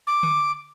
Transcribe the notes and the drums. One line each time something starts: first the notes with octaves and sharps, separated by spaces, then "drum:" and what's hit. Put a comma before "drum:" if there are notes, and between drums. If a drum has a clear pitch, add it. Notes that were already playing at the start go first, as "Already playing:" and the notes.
D6
drum: tom D3